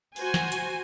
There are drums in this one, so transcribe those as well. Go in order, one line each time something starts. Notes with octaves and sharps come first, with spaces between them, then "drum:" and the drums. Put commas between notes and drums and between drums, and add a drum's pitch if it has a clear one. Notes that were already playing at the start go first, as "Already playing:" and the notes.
F#4 C5 G#5, drum: open hi-hat
drum: snare
drum: hi-hat